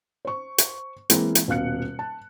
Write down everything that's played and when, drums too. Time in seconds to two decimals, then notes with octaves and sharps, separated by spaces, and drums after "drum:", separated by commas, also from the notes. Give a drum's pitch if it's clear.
0.25 C5 C#6
0.58 drum: hi-hat
1.10 E3 G#3 A#3 C4, drum: hi-hat
1.35 drum: hi-hat
1.48 D#1 B2 F5 F#6 C#7
1.99 A5